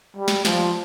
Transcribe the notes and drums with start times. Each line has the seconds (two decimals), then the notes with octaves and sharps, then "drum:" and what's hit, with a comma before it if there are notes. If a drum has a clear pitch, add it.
0.17 G3
0.28 drum: snare
0.45 F3, drum: snare